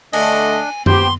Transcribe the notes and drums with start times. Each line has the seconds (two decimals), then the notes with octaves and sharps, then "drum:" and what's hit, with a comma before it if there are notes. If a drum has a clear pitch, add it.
0.13 D3 A3 D4 D#5 G#5, drum: cymbal
0.86 B3 G4 C5 G5 C6, drum: tom F#2